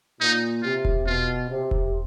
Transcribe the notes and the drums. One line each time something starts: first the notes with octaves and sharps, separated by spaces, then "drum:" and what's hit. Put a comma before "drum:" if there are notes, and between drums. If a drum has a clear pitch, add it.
A#2 D#4
C3 F4
drum: kick E1
B2 F4
C3
drum: kick E1